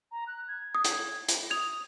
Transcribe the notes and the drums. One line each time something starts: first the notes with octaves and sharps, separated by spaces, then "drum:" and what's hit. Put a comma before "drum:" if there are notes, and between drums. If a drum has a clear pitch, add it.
A#5
F#6
G#6
D#6
drum: hi-hat
drum: hi-hat
D#6 G#6 F7